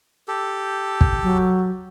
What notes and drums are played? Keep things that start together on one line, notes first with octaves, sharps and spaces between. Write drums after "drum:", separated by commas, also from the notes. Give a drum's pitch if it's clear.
G4 A4
drum: kick
F#3